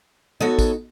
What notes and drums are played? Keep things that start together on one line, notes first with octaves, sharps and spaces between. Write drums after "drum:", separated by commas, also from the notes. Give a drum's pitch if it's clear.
B3 D#4 F#4 A4 C#5
drum: kick, tambourine